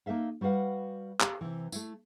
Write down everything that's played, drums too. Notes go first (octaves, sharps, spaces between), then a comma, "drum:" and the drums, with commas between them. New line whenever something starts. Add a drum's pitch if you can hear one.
A#3 D#4 A4 E5 F5
G3 F#4 B4 F5 F#5
G4 A4 F5, drum: clap
C3 E3
A3 E4, drum: tambourine